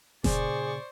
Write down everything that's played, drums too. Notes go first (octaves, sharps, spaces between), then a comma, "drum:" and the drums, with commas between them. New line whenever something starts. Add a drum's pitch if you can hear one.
A#2 C#3 G#4 C5 D5 C#6, drum: snare F1